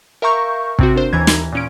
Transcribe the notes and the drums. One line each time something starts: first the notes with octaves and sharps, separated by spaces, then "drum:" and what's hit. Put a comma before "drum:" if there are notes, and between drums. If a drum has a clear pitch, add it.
A#4 E5 F5 A#5 C#6 G6
C3 C4 F#4, drum: kick
D4 A#4 C5
D#2 E3 A#5 G#6
drum: snare
A#2 C#4 D7